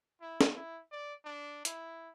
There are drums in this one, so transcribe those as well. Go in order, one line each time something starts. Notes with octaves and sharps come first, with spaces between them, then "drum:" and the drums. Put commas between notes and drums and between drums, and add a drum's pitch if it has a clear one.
E4
drum: snare
E4
D5
D4
E4, drum: hi-hat